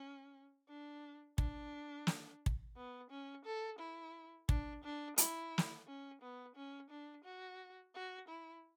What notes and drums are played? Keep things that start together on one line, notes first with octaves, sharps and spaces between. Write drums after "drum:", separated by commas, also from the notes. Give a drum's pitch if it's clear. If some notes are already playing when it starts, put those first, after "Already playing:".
Already playing: C#4
D4
D4, drum: kick
drum: snare
drum: kick
B3
C#4
A4
E4
D4, drum: kick
D4
E4, drum: hi-hat
drum: snare
C#4
B3
C#4
D4
F#4
F#4
E4